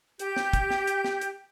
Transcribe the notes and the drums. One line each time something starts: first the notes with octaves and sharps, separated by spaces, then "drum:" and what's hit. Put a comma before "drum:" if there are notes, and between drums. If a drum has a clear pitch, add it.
G4 G6, drum: hi-hat
drum: snare
drum: kick, hi-hat
drum: snare
drum: hi-hat
drum: snare
drum: hi-hat